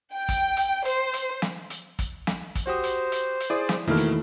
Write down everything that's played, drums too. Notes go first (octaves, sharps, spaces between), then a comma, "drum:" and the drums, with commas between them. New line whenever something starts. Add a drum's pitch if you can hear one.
G5
drum: kick, hi-hat
drum: hi-hat
C5, drum: hi-hat
drum: hi-hat
drum: snare
drum: hi-hat
drum: kick, hi-hat
drum: snare
drum: kick, hi-hat
F#4 G4 C5 D#6
drum: hi-hat
drum: hi-hat
drum: hi-hat
E4 G#4 D5 D#6
drum: snare
E2 B2 D#3 A3 A#3 E4 F6
drum: hi-hat